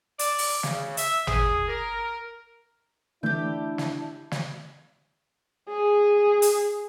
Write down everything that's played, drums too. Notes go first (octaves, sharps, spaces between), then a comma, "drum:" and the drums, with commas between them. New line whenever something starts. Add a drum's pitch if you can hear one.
D5, drum: hi-hat
drum: open hi-hat
C#3, drum: snare
E5, drum: hi-hat
G#4, drum: tom
A#4
D3 E3 A3 D4 E4 G4 G5
drum: snare
drum: snare
G#4
drum: hi-hat